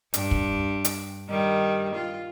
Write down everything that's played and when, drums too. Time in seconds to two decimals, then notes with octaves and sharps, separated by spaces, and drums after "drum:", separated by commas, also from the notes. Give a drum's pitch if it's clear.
0.14 G2 D4, drum: hi-hat
0.31 drum: kick
0.84 drum: hi-hat
1.29 D#3 G3
1.95 F4